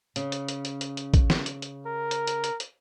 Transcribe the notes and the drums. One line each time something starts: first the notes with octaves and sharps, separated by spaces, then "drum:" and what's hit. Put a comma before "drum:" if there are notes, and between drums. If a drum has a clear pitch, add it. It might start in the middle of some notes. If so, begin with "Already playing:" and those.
C#3, drum: hi-hat
drum: hi-hat
drum: hi-hat
drum: hi-hat
drum: hi-hat
drum: hi-hat
drum: kick, hi-hat
drum: snare
drum: hi-hat
drum: hi-hat
A#4
drum: hi-hat
drum: hi-hat
drum: hi-hat
drum: hi-hat